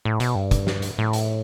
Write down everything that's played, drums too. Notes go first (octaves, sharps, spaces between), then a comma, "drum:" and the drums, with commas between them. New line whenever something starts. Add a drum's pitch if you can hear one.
A2
B2, drum: hi-hat
G2
drum: kick, hi-hat
drum: snare
drum: hi-hat
A2
drum: hi-hat